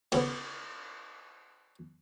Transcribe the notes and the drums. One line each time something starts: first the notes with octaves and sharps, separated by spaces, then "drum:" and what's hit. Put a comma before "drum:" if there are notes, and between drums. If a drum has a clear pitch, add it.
D2 C#3 B3, drum: cymbal